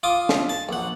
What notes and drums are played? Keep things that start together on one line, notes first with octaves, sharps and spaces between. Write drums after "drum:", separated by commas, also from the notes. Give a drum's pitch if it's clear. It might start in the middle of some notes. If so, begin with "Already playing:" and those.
F4 D6 D#6
drum: snare
A5
A#1 F#5